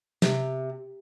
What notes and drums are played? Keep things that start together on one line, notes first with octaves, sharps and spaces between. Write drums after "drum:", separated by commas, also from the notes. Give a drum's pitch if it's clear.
C3, drum: snare